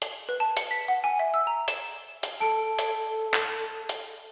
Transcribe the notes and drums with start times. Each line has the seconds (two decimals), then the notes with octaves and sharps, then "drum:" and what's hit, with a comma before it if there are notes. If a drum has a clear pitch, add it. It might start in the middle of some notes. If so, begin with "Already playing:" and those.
0.02 drum: hi-hat
0.29 B4
0.40 A5
0.57 C#7, drum: hi-hat
0.71 B6
0.88 F#5
1.04 G#5
1.19 E5
1.34 E6
1.47 A#5
1.68 E7, drum: hi-hat
2.23 drum: hi-hat
2.40 A4 A5 D7
2.79 drum: hi-hat
3.34 drum: clap
3.89 drum: hi-hat